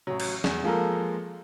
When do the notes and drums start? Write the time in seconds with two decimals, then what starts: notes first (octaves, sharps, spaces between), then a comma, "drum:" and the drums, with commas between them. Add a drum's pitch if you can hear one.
0.07 A1 F#3
0.20 drum: cymbal
0.44 E2, drum: snare
0.63 F3 G#3 A#3 A4 A#4